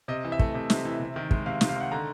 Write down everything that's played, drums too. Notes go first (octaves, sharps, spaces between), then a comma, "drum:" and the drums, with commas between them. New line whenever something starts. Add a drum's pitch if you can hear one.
C3 D#5
E3
E5
A3, drum: kick
C3
C3, drum: snare
E3
C3
D#3
G#3, drum: kick
C3 F5
C3, drum: snare
F5
D#3 F#5
D3 A#5